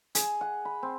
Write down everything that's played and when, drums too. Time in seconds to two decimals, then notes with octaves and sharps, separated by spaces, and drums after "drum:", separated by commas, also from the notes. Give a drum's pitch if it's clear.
0.15 G#4, drum: hi-hat
0.41 F#5
0.65 B5
0.83 C4